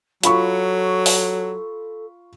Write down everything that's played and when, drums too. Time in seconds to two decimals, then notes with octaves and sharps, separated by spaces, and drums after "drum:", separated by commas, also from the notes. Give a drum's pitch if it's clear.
0.23 F#3 F4 A4 B5 C#6, drum: hi-hat
1.06 drum: open hi-hat